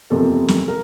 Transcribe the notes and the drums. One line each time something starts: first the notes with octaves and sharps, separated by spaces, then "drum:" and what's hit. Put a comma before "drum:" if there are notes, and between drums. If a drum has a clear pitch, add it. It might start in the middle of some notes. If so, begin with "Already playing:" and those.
F#1 E2 C3 F3 A#3 A4
drum: snare
A#4